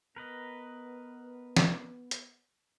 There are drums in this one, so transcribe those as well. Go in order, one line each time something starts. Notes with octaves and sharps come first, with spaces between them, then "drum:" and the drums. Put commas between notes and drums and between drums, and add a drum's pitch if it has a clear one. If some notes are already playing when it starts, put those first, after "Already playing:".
B3 A#4 B4 D#5
drum: snare
drum: hi-hat